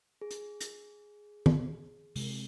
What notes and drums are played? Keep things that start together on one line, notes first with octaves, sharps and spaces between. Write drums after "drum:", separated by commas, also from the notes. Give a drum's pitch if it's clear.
G#4
drum: hi-hat
drum: hi-hat
drum: tom
C3 G#3, drum: open hi-hat